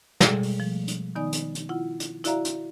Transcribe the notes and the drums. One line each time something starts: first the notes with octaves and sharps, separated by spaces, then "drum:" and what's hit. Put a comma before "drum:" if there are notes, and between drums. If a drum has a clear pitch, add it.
B2 G3 G#3 G#4 A4, drum: snare
drum: open hi-hat
F3 A3
drum: hi-hat
D#3 B3 D#4 D5 G#5 D#6
drum: hi-hat
drum: hi-hat
E4 F4 F#5
drum: hi-hat
E4 F#4 D5 E5 F5 A#5, drum: hi-hat
drum: hi-hat